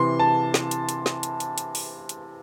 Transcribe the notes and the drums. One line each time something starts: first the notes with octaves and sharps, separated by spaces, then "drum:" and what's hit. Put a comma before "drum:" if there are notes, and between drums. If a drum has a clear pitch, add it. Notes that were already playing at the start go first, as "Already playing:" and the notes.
Already playing: C3 E3 C6
A5
drum: snare
drum: hi-hat
drum: hi-hat
drum: snare
drum: hi-hat
drum: hi-hat
drum: hi-hat
drum: open hi-hat
drum: hi-hat